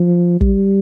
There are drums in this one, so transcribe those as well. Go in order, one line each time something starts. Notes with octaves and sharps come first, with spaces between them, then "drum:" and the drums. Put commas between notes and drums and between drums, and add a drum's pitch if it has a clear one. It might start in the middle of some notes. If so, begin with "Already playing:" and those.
Already playing: F3
G3, drum: kick